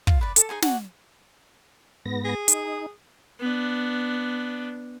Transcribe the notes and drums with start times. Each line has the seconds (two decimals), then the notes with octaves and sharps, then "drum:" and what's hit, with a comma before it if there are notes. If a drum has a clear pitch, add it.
0.07 F4, drum: kick
0.21 B4 D5
0.36 A4 A5, drum: hi-hat
0.49 D#4 G#4 C5 G#5
0.62 F#4 D5 F#5 G#5, drum: snare
2.06 G#2 B3 A#6
2.25 G#4
2.48 D#4, drum: hi-hat
3.40 B3 D4